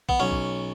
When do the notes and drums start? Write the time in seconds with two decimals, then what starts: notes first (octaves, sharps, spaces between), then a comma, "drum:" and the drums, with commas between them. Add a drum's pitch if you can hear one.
0.09 B3, drum: kick
0.20 B1 C#4
0.31 drum: kick